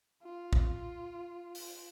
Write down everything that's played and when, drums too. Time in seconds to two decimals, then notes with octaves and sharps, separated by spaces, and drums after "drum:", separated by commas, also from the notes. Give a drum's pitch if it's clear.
0.23 F4
0.53 drum: kick
1.55 drum: open hi-hat